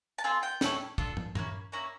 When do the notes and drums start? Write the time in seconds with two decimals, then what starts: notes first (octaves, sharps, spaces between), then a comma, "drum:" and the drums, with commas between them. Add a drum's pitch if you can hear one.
0.18 A5
0.24 C4 F4 A4 G#5
0.43 G5
0.61 C#4 E4 A4, drum: snare
0.98 D4 F4 A4, drum: kick
1.17 drum: tom
1.35 A#3 C#4 E4, drum: tom G2
1.72 A#3 C#4 E4 A#5